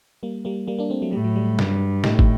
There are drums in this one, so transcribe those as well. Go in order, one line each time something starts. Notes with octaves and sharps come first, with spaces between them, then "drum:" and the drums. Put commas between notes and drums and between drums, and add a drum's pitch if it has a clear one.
G3 A#3
G3 A#3
G3 A#3
A#3 D4
A3 C4
F#3 A3
A2 G3
F#3
G3
G2, drum: snare
A2 D#4 G4, drum: snare
drum: kick